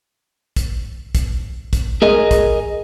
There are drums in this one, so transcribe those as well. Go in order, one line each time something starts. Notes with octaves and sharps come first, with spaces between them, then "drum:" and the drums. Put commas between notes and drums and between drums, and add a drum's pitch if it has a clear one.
drum: kick, hi-hat
drum: kick, hi-hat
drum: kick, hi-hat
G#4 A#4 D#5, drum: tom G#3
drum: kick, hi-hat